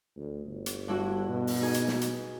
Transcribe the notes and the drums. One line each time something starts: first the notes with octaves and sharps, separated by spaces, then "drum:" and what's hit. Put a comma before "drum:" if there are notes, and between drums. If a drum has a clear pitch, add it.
D2
G1
drum: hi-hat
G2 E4 F#4
B2
drum: open hi-hat
D#4 G#4
drum: hi-hat
drum: snare
drum: hi-hat